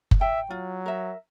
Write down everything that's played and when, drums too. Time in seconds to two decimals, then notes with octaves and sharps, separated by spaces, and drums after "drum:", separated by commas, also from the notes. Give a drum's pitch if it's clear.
0.11 drum: kick F#1
0.21 E5 G5
0.50 F#3 F4
0.86 A#4 E5